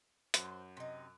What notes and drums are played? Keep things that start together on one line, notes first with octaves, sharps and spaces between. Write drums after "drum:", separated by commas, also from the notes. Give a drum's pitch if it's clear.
F#2 C5, drum: hi-hat
C3 D#4